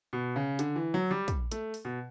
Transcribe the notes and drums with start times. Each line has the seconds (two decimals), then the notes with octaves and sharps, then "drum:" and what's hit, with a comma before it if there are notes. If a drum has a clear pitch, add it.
0.13 B2
0.36 C#3
0.59 D3, drum: hi-hat
0.76 E3
0.94 F#3
1.11 G3
1.28 drum: kick, hi-hat
1.51 A3, drum: hi-hat
1.74 drum: open hi-hat
1.85 B2